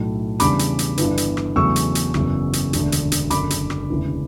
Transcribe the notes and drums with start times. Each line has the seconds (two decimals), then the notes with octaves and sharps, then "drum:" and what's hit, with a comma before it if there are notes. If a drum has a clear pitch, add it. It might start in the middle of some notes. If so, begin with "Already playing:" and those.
Already playing: B1 A2 F#3 A3
0.40 E2 C#3 G3 D4 B5 D6, drum: hi-hat
0.59 drum: hi-hat
0.79 drum: hi-hat
0.98 G1 G2 E3 B3, drum: hi-hat
1.17 drum: hi-hat
1.37 drum: rim click
1.56 E2 C#3 F#3 A3 C#6 E6
1.76 drum: hi-hat
1.95 drum: hi-hat
2.14 F#1 E2 C#3 F#3, drum: rim click
2.53 drum: hi-hat
2.73 E1 D2 D3, drum: hi-hat
2.92 drum: hi-hat
3.12 drum: hi-hat
3.30 F#1 F#2 D3 B5 D6, drum: hi-hat
3.50 drum: hi-hat
3.70 drum: rim click
3.90 E1 D2 C#3 E3